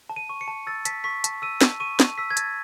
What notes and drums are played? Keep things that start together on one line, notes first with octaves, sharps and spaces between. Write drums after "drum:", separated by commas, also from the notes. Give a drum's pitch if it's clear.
A5
D#7
C#6
C#7
A5
E6 A6
A5 B6, drum: hi-hat
C#6 B6
A5, drum: hi-hat
E6 D#7
A5, drum: snare
C#6 D#7
A5, drum: snare
E6 B6
G#6
A5 A6, drum: hi-hat